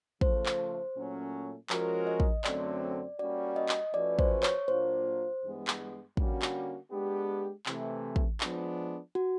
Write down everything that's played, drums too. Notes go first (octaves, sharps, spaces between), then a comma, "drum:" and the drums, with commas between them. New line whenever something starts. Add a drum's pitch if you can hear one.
C#3 F3 A3 C5, drum: kick
drum: clap
A#2 F#3 A3 C#4
F3 G#3 C#4 F#4 A#4 C#5, drum: clap
D#5
drum: kick
F#2 D3 F#3 A3 C4 D5, drum: clap
G3 A#3 C#4 F#4 D5
D#5
drum: clap
F3 A3 C#4 F#4 B4 D5
C5, drum: kick
C#5, drum: clap
A#2 F#3 A#3 D4 F4 C5
G2 E3 G#3 B3
drum: clap
D3 G3 A#3 C#4 F#4, drum: kick
drum: clap
G#3 B3 D4 G4
C3 E3 A3, drum: clap
drum: kick
F3 G#3 B3 D4, drum: clap
F#4